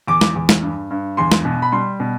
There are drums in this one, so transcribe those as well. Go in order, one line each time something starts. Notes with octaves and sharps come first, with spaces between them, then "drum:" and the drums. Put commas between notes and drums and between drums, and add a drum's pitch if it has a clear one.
E2 D6
drum: snare
E2
drum: snare
G2
G2
E2 C6
drum: snare
B2
B5
G3 C6
B2